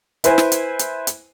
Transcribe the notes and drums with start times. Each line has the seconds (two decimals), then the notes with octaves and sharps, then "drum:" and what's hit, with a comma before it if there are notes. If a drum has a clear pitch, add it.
0.24 E4 B4 C5 G#5, drum: hi-hat
0.38 drum: snare
0.52 drum: hi-hat
0.79 drum: hi-hat
1.07 drum: hi-hat